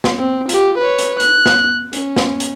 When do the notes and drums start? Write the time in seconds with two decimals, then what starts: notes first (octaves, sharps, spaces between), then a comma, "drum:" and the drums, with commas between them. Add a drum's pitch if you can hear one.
0.04 drum: snare
0.19 C4
0.49 F4 G4, drum: hi-hat
0.78 B4 C#5
0.98 drum: hi-hat
1.20 F#6, drum: hi-hat
1.46 drum: snare
1.93 C#4, drum: hi-hat
2.16 drum: snare
2.40 drum: hi-hat